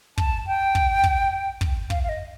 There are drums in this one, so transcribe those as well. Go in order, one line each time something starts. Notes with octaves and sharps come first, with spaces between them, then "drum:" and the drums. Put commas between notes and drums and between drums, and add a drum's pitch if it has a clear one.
A5, drum: kick
G5
drum: kick
drum: kick
drum: kick
F5, drum: kick
F5
D#5